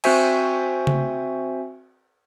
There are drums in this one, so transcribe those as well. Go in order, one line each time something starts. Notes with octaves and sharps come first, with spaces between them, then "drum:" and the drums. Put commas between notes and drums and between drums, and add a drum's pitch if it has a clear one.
C4 F#4 C5 E5 G#5, drum: cymbal
drum: tom C#3